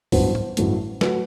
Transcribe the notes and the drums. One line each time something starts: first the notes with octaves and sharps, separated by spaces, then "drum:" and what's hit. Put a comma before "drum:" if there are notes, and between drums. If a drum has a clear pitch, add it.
A1 G2 F#3 B3 C5, drum: kick, open hi-hat
drum: tom G#2
A1 G2 F#3 A3, drum: hi-hat
F#3 A3 B4, drum: snare